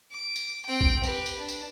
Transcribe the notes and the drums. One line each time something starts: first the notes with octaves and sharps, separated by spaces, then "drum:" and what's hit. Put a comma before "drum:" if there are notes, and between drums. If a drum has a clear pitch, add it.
D6
drum: tambourine
C4 G5
drum: kick
G4 B4, drum: tambourine
drum: tambourine
D4
drum: tambourine